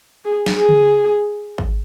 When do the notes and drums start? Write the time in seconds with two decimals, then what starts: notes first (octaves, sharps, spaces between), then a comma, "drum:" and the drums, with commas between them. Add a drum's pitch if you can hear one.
0.25 G#4
0.46 drum: snare
0.58 G#4
0.69 drum: tom C#3
1.58 drum: kick G#1